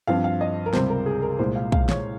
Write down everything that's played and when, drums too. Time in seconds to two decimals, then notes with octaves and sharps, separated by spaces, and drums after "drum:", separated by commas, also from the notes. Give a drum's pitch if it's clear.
0.07 G2 F3 C4 F5
0.24 F5
0.41 D#5
0.66 A#4
0.73 C#2 C3 G3 C4 C5, drum: snare
0.90 A#4
1.06 G#4
1.22 A#4
1.39 C2 A#2 G#3 C5
1.55 F5
1.72 F5, drum: kick
1.89 C#5, drum: snare